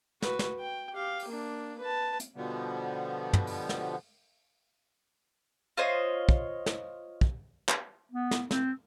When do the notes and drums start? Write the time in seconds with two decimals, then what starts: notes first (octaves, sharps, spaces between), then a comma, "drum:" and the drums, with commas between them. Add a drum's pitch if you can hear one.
0.22 F#4 B4, drum: snare
0.39 drum: snare
0.59 G5
0.93 G4 F5
1.19 drum: open hi-hat
1.29 A#3 D4
1.79 B4 A5
2.20 drum: hi-hat
2.36 B2 D3 F3 G3 B3
3.33 drum: tom
3.47 drum: open hi-hat
3.69 drum: snare
5.77 F4 C5 C#5 D#5
6.29 drum: kick
6.66 drum: snare
7.21 drum: kick
7.68 drum: clap
8.12 B3
8.31 drum: snare
8.51 C4, drum: snare